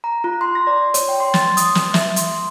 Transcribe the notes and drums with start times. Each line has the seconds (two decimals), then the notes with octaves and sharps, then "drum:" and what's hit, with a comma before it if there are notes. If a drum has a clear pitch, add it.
0.04 A#5
0.24 F4
0.41 C6
0.55 A#6
0.67 D5
0.94 C#5, drum: hi-hat
1.09 G5
1.20 C6
1.34 A6, drum: snare
1.57 D#6, drum: hi-hat
1.75 drum: snare
1.94 E5, drum: snare
2.16 C6, drum: hi-hat